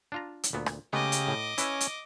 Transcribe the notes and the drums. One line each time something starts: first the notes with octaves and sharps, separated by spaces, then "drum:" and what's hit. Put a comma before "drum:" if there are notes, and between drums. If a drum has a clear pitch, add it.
D4 F4 A#5
drum: hi-hat
D2 A#2 B3
drum: rim click
C#3 G#3 A3 B3 G4 D#5 D6
drum: hi-hat
A2
C#4 E4 B4 E5, drum: hi-hat
drum: hi-hat